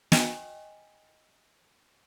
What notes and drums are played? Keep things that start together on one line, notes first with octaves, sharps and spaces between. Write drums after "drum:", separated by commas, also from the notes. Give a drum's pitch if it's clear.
D#5 G5 G#5, drum: snare